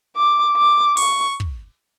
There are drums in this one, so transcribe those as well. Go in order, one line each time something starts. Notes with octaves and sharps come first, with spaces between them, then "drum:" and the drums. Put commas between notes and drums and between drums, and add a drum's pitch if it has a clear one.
D6
D6
C#6, drum: open hi-hat
drum: kick